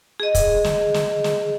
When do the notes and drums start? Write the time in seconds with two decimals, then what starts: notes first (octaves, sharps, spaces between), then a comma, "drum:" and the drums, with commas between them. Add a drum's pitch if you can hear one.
0.20 G#4 D#5
0.35 drum: kick, hi-hat
0.64 drum: snare
0.94 drum: snare
1.24 drum: snare